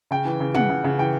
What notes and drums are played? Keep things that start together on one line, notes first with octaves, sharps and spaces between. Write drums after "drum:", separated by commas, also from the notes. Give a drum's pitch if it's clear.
C#3 G5
E3
C#3
C#3 F#5, drum: tom
C#3
C#3
E3 G5